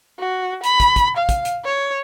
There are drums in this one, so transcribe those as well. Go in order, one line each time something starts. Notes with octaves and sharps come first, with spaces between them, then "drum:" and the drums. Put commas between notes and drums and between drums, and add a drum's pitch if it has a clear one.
F#4
B5, drum: hi-hat
drum: kick, hi-hat
drum: kick, hi-hat
F5
drum: kick, hi-hat
drum: hi-hat
C#5